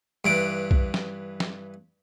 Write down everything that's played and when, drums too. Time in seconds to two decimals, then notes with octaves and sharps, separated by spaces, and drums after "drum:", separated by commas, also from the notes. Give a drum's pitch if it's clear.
0.25 G2 E3 D6
0.71 drum: kick
0.94 drum: snare
1.40 drum: snare